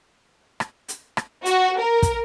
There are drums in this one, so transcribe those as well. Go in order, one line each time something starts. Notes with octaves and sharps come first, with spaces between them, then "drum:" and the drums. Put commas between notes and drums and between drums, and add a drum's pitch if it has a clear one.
drum: rim click
drum: hi-hat
drum: rim click
F#4, drum: hi-hat
A#4
drum: kick, hi-hat